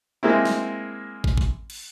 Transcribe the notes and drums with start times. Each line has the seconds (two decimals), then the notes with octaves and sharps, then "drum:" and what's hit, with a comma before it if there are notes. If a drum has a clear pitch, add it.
0.23 G#3 A#3 C4 E4
0.45 drum: snare
1.24 drum: kick
1.38 drum: kick
1.70 drum: cymbal